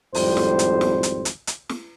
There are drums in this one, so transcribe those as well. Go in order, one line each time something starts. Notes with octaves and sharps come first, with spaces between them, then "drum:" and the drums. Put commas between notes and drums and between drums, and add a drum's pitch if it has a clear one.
G#1 F2 A2 G3 C5, drum: open hi-hat
drum: snare
drum: hi-hat
drum: snare
drum: hi-hat
drum: hi-hat
drum: hi-hat
drum: snare